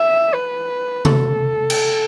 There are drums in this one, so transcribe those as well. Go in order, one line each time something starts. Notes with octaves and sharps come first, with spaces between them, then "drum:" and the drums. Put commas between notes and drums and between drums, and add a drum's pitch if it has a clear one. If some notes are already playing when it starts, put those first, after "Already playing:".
Already playing: E5
B4
A4, drum: tom C3
drum: cymbal